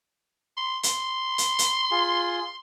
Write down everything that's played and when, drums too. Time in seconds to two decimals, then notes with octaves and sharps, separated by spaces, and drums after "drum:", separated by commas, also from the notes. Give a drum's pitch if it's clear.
0.57 C6
0.83 C6, drum: hi-hat
1.38 drum: hi-hat
1.59 drum: hi-hat
1.91 F4 G#4